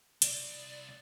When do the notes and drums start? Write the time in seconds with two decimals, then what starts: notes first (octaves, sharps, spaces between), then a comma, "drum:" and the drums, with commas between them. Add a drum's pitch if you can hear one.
0.22 C2 D5, drum: hi-hat